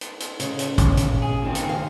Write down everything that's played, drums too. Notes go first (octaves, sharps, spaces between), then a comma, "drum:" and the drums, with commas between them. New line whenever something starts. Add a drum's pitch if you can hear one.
drum: hi-hat
drum: hi-hat
C#3, drum: hi-hat
drum: hi-hat
drum: kick, hi-hat
drum: hi-hat
G#4
A#2 D#3 C4
drum: hi-hat
F5